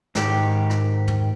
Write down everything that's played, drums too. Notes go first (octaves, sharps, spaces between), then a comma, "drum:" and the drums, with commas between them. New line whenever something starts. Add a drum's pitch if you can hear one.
G#2 D#3 G4, drum: snare
drum: rim click
drum: tom